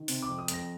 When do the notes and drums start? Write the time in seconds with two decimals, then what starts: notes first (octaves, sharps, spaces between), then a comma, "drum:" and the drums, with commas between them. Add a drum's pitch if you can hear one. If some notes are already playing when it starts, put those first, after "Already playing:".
Already playing: D#3
0.08 C3, drum: open hi-hat
0.22 D6
0.28 F2
0.38 D#6
0.48 F2, drum: hi-hat
0.54 A#6